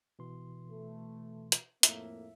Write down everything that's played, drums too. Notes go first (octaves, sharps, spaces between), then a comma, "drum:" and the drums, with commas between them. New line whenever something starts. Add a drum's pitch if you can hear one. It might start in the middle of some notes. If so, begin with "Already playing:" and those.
B2 E3 C6
A3
drum: hi-hat
F2 A2 A#3 E5, drum: hi-hat